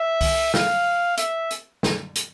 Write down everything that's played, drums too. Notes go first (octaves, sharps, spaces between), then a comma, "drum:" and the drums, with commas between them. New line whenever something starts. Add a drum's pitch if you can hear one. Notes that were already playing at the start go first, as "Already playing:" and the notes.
Already playing: E5
drum: kick C2, open hi-hat
F5, drum: snare
E5, drum: hi-hat
drum: hi-hat
drum: snare
drum: hi-hat